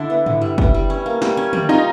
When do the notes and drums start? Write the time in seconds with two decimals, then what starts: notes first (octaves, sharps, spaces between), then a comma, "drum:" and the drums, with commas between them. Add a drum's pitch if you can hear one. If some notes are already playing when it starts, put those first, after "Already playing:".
Already playing: D3 D4 E4
0.10 B3
0.26 D3, drum: tom G2
0.41 G3
0.58 B3, drum: kick
0.74 G3
0.90 C#4
1.06 A#3
1.22 G3, drum: snare
1.37 C#4
1.53 G3, drum: tom D3
1.69 D#4 F4